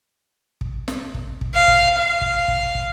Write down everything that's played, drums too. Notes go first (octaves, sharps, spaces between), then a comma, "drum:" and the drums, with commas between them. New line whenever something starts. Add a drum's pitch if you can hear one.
drum: kick
drum: snare
drum: kick
drum: kick
F5
drum: kick
F5
drum: kick
drum: kick
drum: kick